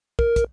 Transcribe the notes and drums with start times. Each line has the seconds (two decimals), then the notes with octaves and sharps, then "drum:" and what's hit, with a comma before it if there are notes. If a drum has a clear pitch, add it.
0.19 A#4, drum: kick
0.36 drum: kick, hi-hat